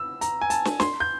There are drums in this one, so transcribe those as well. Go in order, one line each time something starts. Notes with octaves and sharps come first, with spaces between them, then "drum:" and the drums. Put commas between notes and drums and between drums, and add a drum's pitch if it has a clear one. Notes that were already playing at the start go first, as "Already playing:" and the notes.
Already playing: E6
A#5, drum: hi-hat
G#5
A5, drum: hi-hat
drum: snare
C6, drum: snare
G6